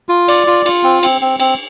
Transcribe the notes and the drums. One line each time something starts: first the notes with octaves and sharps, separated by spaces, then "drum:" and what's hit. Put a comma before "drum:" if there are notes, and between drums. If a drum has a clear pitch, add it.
F4
D5, drum: cymbal
F4
F4, drum: cymbal
C4
C4, drum: cymbal
C4
C4, drum: cymbal